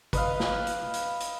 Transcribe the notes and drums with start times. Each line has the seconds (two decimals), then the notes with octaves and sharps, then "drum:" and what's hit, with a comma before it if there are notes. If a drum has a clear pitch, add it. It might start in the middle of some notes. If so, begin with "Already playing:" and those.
0.13 B4 D#5 F5, drum: kick, hi-hat
0.40 drum: snare
0.67 drum: hi-hat
0.93 drum: hi-hat
1.20 drum: hi-hat